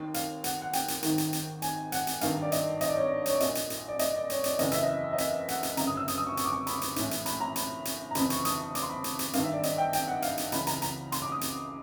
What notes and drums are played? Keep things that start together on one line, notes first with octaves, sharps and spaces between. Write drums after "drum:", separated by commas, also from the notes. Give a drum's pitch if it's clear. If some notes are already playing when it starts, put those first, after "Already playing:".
Already playing: D#2 D#3
F5, drum: hi-hat
F#5, drum: hi-hat
F#5
G5, drum: hi-hat
drum: hi-hat
G#1 G#2 D#3, drum: hi-hat
drum: hi-hat
drum: hi-hat
G#5, drum: hi-hat
F#5, drum: hi-hat
drum: hi-hat
G#1 G2 D#3 F5, drum: hi-hat
D5
D#5, drum: hi-hat
D#5, drum: hi-hat
D5
C#5
D5
C#5, drum: hi-hat
D5
A#1 A#2 D#5, drum: hi-hat
drum: hi-hat
drum: hi-hat
D5
D#5, drum: hi-hat
D5
C#5, drum: hi-hat
D5, drum: hi-hat
F#1 E2 C#3 E3 D#5, drum: hi-hat
E5, drum: hi-hat
D#5
D#5
E5, drum: hi-hat
F#5, drum: hi-hat
drum: hi-hat
G1 F#2 C#3 A#5, drum: hi-hat
D#6
E6
D#6, drum: hi-hat
D#6
C#6
C#6, drum: hi-hat
D6
C#6
B5, drum: hi-hat
drum: hi-hat
A#1 A2 E3, drum: hi-hat
drum: hi-hat
B5, drum: hi-hat
A#5
B5, drum: hi-hat
drum: hi-hat
A#5
G1 F2 C#3 E3 B5, drum: hi-hat
C#6, drum: hi-hat
D#6, drum: hi-hat
D6, drum: hi-hat
C6
B5
drum: hi-hat
drum: hi-hat
G#1 G2 D#3 F5, drum: hi-hat
E5
D5
D#5, drum: hi-hat
G5
G5, drum: hi-hat
F#5
F5, drum: hi-hat
drum: hi-hat
C#2 C#3 E3 B5, drum: hi-hat
A#5, drum: hi-hat
A#5, drum: hi-hat
C6, drum: hi-hat
D6
D#6
drum: hi-hat